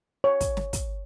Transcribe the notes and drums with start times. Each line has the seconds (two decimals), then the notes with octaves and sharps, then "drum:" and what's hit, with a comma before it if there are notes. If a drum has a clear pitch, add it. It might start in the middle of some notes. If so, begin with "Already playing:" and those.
0.24 C#5
0.41 drum: kick, hi-hat
0.57 drum: snare
0.73 drum: kick, hi-hat